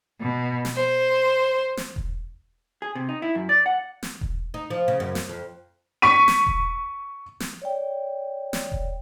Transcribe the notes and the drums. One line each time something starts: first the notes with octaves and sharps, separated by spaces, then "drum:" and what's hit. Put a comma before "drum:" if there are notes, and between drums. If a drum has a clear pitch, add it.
B2
drum: snare
C5
drum: snare
drum: kick E1
G#4
C3
D#4
E4
F#2
D5
F#5
drum: snare
drum: kick E1
D#4
F3
C#3
F#2
drum: snare
F2
C#6 B6 D#7
drum: snare
drum: kick E1
drum: snare
C#5 D5 G5
drum: snare
drum: kick E1